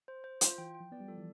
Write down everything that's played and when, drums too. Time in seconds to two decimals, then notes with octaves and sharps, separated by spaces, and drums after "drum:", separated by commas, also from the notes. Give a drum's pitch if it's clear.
0.08 C5
0.24 C5
0.41 F4, drum: hi-hat
0.58 E3 G5
0.69 E3
0.75 G5
0.80 F3
0.92 B3 D5
1.00 G3
1.08 F3 A4
1.18 E3